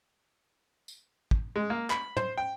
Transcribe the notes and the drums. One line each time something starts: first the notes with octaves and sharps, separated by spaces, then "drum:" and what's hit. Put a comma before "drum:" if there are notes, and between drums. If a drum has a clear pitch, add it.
drum: tambourine
drum: kick
G#3
A#3
B5, drum: clap
C5, drum: tom
G5